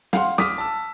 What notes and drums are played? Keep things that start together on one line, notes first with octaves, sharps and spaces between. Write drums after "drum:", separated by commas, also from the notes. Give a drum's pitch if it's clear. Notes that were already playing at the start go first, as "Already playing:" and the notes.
F5 F#5 C6, drum: snare
D6 D#6 F6 B6, drum: snare
A5 E6